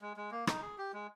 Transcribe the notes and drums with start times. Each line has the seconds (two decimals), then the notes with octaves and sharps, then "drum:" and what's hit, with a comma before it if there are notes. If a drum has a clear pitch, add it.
0.01 G#3
0.17 G#3
0.31 A#3
0.47 D#4, drum: rim click
0.62 G#4
0.78 G4
0.93 G#3